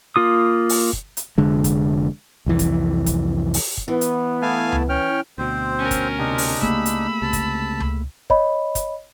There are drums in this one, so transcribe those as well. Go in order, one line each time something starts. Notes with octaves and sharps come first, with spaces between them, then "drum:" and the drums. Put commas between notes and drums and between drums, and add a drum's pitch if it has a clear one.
A#3 F4 D#6
drum: open hi-hat
drum: kick
drum: hi-hat
F1 D3 G#3
drum: kick, hi-hat
C2 F2 E3
drum: kick, hi-hat
drum: kick, hi-hat
drum: open hi-hat
drum: kick
E3 B3
drum: hi-hat
A3 E4 F5 G#5 A5
drum: tom C#2
C#4 G5 F6
D2 B2 C4 C5
C#4 A#4
drum: kick, hi-hat
C3 D4 D#4
drum: open hi-hat
C#2 A3 A#3 G#4 B5 E6, drum: kick
drum: hi-hat
C#2 C3 A5
drum: kick, hi-hat
drum: tom C#2
C#5 D#5 B5, drum: kick
drum: kick, hi-hat